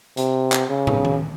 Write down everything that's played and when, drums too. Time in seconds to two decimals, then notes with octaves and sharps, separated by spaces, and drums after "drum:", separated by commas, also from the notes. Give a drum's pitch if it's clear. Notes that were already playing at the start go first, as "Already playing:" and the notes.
0.17 C3, drum: hi-hat
0.52 drum: clap
0.70 C#3
0.87 drum: tom
1.05 drum: tom